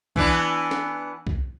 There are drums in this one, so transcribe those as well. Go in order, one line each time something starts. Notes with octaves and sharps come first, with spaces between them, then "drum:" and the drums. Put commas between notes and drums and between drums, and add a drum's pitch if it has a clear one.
E3 B3 D4, drum: kick B1
drum: snare
drum: kick B1